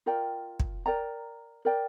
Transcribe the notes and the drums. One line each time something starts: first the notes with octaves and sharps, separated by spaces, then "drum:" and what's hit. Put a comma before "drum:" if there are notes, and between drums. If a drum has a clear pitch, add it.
F4 A#4 D5 G5
drum: kick
A#4 D5 G5 A#5
A#4 D5 G5